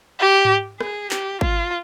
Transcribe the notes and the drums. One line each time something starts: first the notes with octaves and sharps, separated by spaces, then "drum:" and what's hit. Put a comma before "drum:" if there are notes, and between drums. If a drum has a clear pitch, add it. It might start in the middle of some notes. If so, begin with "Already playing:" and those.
G4
drum: tom G#2
G#4, drum: rim click
G4, drum: clap
F4, drum: kick G#1